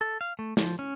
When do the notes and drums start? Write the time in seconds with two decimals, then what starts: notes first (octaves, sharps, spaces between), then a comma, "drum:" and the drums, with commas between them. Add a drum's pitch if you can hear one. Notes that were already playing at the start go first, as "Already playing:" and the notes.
0.01 A4
0.21 F5
0.39 A3
0.57 F3, drum: snare
0.79 C#4